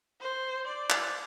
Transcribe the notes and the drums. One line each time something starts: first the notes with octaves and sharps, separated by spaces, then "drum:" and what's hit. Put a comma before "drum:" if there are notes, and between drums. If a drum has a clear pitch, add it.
C5
D5
drum: clap